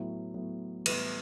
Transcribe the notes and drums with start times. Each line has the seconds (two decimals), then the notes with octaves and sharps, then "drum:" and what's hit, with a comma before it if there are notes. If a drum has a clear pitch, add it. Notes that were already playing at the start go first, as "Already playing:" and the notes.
Already playing: A2 F#3 B3
0.34 A2 F#3 B3
0.86 A2 E3 G3 B3 B4, drum: cymbal